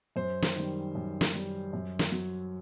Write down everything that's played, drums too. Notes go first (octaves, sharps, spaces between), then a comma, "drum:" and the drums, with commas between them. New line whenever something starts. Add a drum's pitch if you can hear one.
F#2 C5
drum: snare
D#3 G3
F#2
drum: snare
D#3 G3
F#2
drum: snare
F#3